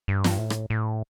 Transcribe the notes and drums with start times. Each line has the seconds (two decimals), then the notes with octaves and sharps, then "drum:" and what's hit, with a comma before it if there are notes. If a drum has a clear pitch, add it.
0.08 G2
0.24 drum: snare
0.38 A2
0.50 drum: rim click
0.70 A2